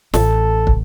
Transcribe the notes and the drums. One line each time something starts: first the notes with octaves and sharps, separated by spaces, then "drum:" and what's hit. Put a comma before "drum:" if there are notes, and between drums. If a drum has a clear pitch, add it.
A1 A4, drum: snare
drum: kick